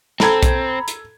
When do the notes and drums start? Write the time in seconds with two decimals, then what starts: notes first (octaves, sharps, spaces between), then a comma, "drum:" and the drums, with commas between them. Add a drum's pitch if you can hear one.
0.20 C4 A4 A#5 B5 G#6, drum: snare
0.43 drum: kick B1, hi-hat
0.88 drum: hi-hat